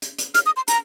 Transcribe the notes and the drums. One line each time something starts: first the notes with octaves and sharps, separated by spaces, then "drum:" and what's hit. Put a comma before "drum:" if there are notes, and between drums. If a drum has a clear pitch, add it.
drum: hi-hat
drum: hi-hat
F6, drum: hi-hat
D#6
C6
A#5, drum: hi-hat